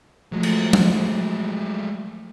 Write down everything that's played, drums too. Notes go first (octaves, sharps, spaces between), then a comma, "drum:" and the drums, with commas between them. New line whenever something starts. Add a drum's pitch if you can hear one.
F3 F#3 G#3 A3
drum: cymbal
drum: tom